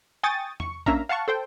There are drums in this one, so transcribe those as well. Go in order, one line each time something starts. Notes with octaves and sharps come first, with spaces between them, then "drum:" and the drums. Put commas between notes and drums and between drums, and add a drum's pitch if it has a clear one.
G5 G#5 C#6 D#6 A6
C#6, drum: tom E2
A#3 C#4 D4 E5 F5 A#5, drum: kick A1
F5 F#5 A5 C#6
A4 C5 G5